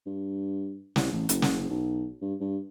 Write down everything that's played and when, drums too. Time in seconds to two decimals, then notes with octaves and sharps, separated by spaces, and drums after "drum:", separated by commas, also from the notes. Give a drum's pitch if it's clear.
0.06 G2
0.96 C2, drum: snare
1.12 A1
1.29 F#1, drum: hi-hat
1.42 drum: snare
1.70 B1
2.21 G2
2.41 G2